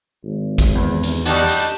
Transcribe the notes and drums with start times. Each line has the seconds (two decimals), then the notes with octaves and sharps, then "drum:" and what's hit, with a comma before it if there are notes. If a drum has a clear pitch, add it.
0.24 G#1
0.58 drum: kick, hi-hat
0.75 E2
1.03 drum: hi-hat
1.25 G3 D#4 F#4 A5, drum: hi-hat
1.48 drum: hi-hat